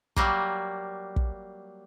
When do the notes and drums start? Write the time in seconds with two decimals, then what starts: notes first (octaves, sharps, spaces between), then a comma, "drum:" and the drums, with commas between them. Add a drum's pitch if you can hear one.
0.16 F#3 G3 A#3, drum: kick
1.16 drum: kick